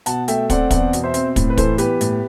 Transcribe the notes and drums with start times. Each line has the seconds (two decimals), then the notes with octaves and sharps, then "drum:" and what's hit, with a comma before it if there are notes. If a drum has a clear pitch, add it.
0.06 B2 F#5 A5, drum: hi-hat
0.28 A3 E5 G5, drum: hi-hat
0.50 C4 D5 F#5, drum: kick, hi-hat
0.71 E2 D5 F#5, drum: kick, hi-hat
0.93 B2, drum: hi-hat
1.03 C5 E5
1.14 C4, drum: hi-hat
1.36 A2, drum: kick, hi-hat
1.50 B4
1.58 E3 A4 C5, drum: kick, hi-hat
1.78 B3 G4 B4, drum: hi-hat
2.01 A2, drum: hi-hat